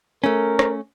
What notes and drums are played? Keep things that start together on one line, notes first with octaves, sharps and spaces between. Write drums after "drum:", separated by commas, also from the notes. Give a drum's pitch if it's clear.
A3 C#4 A#4
drum: rim click